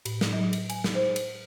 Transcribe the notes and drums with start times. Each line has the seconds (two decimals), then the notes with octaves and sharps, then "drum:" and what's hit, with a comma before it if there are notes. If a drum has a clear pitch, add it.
0.05 A2, drum: cymbal
0.21 drum: snare
0.33 F#3
0.53 drum: cymbal
0.69 G#5, drum: cymbal
0.84 drum: snare
0.95 C5
1.16 drum: cymbal